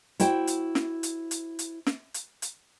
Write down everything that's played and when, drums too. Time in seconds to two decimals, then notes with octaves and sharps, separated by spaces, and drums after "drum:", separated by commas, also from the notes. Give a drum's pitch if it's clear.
0.20 E4 F#4 C5 G5, drum: hi-hat
0.47 drum: hi-hat
0.75 drum: snare
1.03 drum: hi-hat
1.31 drum: hi-hat
1.59 drum: hi-hat
1.86 drum: snare
2.14 drum: hi-hat
2.42 drum: hi-hat